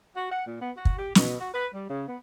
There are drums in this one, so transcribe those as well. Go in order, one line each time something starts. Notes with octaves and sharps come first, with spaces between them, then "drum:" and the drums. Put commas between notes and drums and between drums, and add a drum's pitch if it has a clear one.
F#4
F#5
A#2
B3
F#4
drum: kick
G4
B2, drum: snare
F#4
B4
G3
C#3
B3